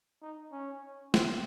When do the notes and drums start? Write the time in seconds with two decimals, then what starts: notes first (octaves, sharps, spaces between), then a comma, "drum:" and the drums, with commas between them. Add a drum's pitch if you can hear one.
0.22 D#4
0.52 C#4
1.14 C4, drum: snare